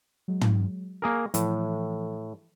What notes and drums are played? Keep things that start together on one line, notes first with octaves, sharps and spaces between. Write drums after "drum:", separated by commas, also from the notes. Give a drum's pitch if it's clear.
F#3 G#3
drum: tom
A#3 G#4 A#4 C#6 A#6
A2 E3 F3 A4, drum: hi-hat